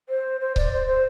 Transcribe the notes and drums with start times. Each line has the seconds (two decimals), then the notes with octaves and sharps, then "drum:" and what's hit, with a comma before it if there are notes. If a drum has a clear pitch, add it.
0.09 C5
0.40 C5
0.56 D5, drum: kick C#1
0.72 C5
0.87 C5